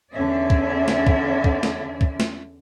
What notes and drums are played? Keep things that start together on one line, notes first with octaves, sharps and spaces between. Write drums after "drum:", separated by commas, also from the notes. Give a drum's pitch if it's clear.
E2 D3 C#4 D5 E5
drum: kick
drum: snare
drum: kick
drum: kick
drum: snare
drum: kick
drum: snare